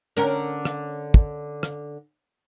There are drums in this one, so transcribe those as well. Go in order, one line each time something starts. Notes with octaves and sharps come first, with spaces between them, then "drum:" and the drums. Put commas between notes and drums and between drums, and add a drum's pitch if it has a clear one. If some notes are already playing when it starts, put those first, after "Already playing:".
D3 C#4 A#4
drum: rim click
drum: kick
drum: rim click